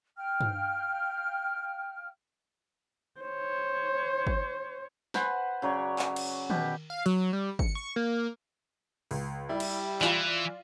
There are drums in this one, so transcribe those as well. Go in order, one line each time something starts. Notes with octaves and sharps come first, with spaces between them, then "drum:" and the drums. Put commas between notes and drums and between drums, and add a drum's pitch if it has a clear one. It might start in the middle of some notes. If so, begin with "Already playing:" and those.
F5 G5 F6
drum: tom G2
C5 C#5
drum: kick
B4 C5 F#5 G#5, drum: snare
C#3 F#3 C#5 D5
drum: clap
drum: cymbal
B2 G4, drum: tom D#3
F5
F#3, drum: cymbal
G3
C#7, drum: kick
C#6
A#3
C#2, drum: open hi-hat
G3 E4
drum: cymbal
E3 F4 D5, drum: clap